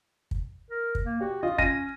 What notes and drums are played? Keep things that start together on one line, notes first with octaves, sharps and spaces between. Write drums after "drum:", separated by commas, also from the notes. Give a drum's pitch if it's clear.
drum: kick
A#4
drum: kick
A#3
F#4 G4
F4 D#5
C#4 A#6 D#7, drum: kick